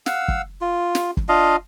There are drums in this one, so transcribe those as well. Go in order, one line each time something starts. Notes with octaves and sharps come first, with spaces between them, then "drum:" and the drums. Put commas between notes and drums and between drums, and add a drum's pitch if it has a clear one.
F5 F#5 E6, drum: snare
drum: kick
F4
drum: snare
drum: kick
D4 F4 D#5 F5